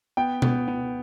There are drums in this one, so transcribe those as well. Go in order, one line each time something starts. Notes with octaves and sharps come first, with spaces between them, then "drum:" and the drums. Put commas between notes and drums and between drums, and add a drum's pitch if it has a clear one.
B3 G5
B3, drum: tom B2
B3